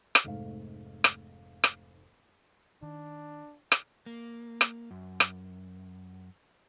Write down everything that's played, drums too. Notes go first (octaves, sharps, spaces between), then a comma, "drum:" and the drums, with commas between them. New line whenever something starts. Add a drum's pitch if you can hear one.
drum: rim click
F1 G#2 A3 F5
drum: rim click
drum: rim click
D#3 D4
drum: rim click
A#3
drum: rim click
F#2
drum: rim click